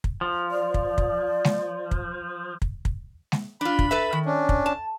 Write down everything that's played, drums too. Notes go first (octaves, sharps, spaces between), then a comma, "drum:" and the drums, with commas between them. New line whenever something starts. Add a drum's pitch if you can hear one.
drum: kick
F3
D5
drum: kick
drum: kick
drum: snare G#3
drum: kick
drum: kick
drum: kick
drum: snare G#3
D4 F4 B5
drum: kick
A4 B4 E5
D#3
C#4 D4
drum: kick
A5